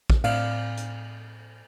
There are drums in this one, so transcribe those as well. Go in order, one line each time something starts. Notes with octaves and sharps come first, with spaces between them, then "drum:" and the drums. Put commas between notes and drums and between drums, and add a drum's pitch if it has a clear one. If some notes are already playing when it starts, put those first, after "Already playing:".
drum: kick
A2 C4 D5 F5, drum: cymbal
drum: hi-hat